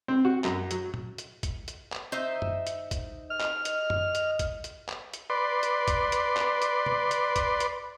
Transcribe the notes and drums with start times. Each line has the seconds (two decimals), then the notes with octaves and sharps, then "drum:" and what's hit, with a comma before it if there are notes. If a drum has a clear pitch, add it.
0.08 C4
0.25 F#4
0.44 F#2, drum: clap
0.71 F#3, drum: hi-hat
0.94 drum: tom A#2
1.18 drum: hi-hat
1.43 drum: kick A#1, hi-hat
1.68 drum: hi-hat
1.92 drum: clap
2.12 D#4 C5 E5
2.42 drum: tom
2.67 drum: hi-hat
2.91 drum: kick A#1, hi-hat
3.30 D#5 F6
3.41 drum: clap
3.65 drum: hi-hat
3.90 drum: tom
4.15 drum: hi-hat
4.39 drum: kick A#1, hi-hat
4.64 drum: hi-hat
4.89 drum: clap
5.13 drum: hi-hat
5.30 B4 D5 C6
5.63 drum: hi-hat
5.88 drum: kick A#1, hi-hat
6.12 drum: hi-hat
6.37 drum: clap
6.62 drum: hi-hat
6.86 drum: tom
7.11 drum: hi-hat
7.36 drum: kick A#1, hi-hat
7.60 drum: hi-hat